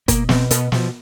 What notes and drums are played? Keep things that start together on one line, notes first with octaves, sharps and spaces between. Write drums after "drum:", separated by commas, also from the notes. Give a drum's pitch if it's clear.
B2 A#3, drum: kick, hi-hat
B2 C4, drum: snare
B2 B3, drum: hi-hat
B2 F3, drum: snare